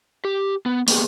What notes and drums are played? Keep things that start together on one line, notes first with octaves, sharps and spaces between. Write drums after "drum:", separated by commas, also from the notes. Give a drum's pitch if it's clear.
G4
B3
A#3 B3 G4 G#4, drum: open hi-hat